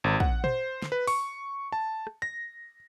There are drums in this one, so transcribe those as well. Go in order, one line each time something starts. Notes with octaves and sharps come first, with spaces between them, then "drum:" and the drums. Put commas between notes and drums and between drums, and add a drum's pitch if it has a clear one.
G#1
F#5, drum: kick
C5, drum: tom
drum: snare
B4
C#6, drum: open hi-hat
A5
drum: rim click
A#6